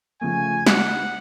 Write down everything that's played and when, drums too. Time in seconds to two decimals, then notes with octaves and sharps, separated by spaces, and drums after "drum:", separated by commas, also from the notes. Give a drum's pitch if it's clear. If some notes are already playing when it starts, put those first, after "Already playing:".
0.21 C#3 F3 A3 G#5
0.67 F#5, drum: snare